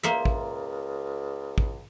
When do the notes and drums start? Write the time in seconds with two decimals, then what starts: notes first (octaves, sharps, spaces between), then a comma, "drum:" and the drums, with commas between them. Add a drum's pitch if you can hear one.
0.03 C#2 A#3 C5 E5
0.25 drum: kick
1.58 drum: kick